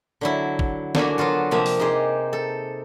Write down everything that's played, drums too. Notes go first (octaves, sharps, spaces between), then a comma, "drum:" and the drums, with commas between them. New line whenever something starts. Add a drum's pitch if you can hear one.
D3 F#3 E4
drum: kick G#1
D3 A#3 F#4 G#5 B5, drum: snare
F#3 B3 F4 F#4
C3 F3 A#3 E5
drum: open hi-hat
D#4 G4 G#4 C5
A4